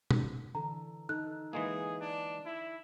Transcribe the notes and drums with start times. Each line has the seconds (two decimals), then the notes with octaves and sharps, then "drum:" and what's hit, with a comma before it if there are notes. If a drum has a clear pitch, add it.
0.11 drum: tom B2
0.55 D3 E3 A4 A#5
1.09 D#4 A4 F#6
1.53 E3 G#3 A#3 D#4 G#4
2.01 D4
2.45 E4